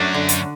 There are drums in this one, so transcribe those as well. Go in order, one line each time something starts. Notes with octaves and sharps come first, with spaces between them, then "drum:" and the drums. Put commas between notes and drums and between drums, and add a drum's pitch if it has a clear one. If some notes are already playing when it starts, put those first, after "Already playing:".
Already playing: F#2 F#3 A3 D4 F#4
D3
drum: hi-hat